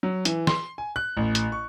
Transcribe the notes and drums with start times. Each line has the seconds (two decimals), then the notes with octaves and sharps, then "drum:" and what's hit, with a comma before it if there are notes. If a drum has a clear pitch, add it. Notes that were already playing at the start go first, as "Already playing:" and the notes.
0.03 F#3
0.25 E3, drum: hi-hat
0.47 C6, drum: snare
0.78 G#5
0.96 F#6
1.17 A1
1.35 drum: hi-hat
1.52 C#6